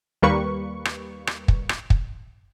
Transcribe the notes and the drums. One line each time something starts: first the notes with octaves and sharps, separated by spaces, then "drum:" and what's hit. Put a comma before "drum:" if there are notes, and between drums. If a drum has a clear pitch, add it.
D#2 G3 A#3 B4 C#6
drum: rim click
drum: rim click
drum: kick
drum: rim click
drum: kick